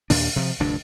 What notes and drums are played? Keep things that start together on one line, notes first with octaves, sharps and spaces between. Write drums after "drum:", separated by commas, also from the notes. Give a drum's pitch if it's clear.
D#2 A#2 D4, drum: open hi-hat
C3 F3
F1 D2 G2 D4